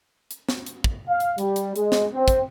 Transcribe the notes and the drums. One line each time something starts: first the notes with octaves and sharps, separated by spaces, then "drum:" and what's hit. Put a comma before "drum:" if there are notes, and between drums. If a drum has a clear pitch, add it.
drum: hi-hat
drum: snare
drum: hi-hat
drum: kick
F5
drum: hi-hat
G3, drum: hi-hat
drum: hi-hat
G#3, drum: hi-hat
drum: snare
C4
drum: kick, hi-hat